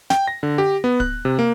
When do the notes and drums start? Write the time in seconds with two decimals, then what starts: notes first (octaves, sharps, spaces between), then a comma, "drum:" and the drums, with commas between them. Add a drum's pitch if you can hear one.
0.10 G5, drum: snare
0.28 A#6
0.43 D3
0.58 G4
0.84 B3
1.00 F#6, drum: kick
1.25 C3
1.39 A#3